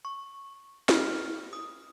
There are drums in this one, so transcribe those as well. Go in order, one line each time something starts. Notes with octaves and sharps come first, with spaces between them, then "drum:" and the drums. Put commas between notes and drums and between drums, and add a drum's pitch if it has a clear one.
C#6
F6, drum: snare
D#6